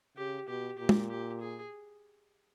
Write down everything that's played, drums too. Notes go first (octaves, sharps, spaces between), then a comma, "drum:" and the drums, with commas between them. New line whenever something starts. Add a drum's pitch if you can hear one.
C#3 G4
B2 G4
A#2 G4
drum: tom
G4
G#4